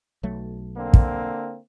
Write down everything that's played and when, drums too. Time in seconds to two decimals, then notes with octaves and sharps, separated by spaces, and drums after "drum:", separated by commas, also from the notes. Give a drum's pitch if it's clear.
0.23 B1 F#3 A3
0.76 D3 A#3 C4
0.93 drum: kick